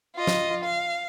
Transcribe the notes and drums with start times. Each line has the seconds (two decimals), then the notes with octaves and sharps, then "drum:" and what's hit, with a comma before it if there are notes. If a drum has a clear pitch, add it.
0.16 F4 D#5
0.27 drum: snare
0.64 F5